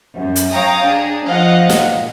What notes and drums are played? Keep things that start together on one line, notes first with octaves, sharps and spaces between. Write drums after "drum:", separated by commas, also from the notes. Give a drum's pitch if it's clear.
F#2
drum: hi-hat
C#5 F5 G5 A#5 D#6
D4 G#4
F3 D#5 F5 F#5
A#2, drum: snare